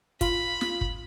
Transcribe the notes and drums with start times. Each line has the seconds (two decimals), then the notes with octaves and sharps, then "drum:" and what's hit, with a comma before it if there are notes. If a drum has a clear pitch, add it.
0.21 F4 B5, drum: kick, hi-hat
0.61 drum: snare
0.81 drum: kick